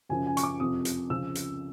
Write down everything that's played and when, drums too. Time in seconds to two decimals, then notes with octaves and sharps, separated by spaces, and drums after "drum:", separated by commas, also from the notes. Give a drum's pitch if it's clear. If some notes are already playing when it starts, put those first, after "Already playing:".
0.09 F#2 C#3 F3 G#5
0.27 G#5
0.37 C#6, drum: hi-hat
0.43 D6
0.60 F2 C3 F3 D#6
0.85 drum: hi-hat
1.10 C#2 C#3 F3 E6
1.35 drum: hi-hat